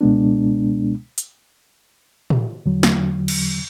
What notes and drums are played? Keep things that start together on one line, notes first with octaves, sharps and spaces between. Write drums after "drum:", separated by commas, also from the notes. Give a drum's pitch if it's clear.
C#2 B2 G#3 B3 D4
drum: hi-hat
drum: tom
E2 D3 F#3
drum: snare
drum: cymbal